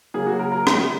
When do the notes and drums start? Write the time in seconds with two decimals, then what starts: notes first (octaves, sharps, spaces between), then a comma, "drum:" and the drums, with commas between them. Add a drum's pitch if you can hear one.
0.14 C#3 F#3 A#3 C#4 G#4
0.27 F#4
0.39 A#4
0.52 A#4
0.67 drum: rim click